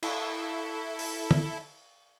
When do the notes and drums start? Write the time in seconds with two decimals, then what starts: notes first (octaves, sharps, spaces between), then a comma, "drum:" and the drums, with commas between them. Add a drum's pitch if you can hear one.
0.03 E4 A4, drum: cymbal
0.99 drum: open hi-hat
1.31 drum: tom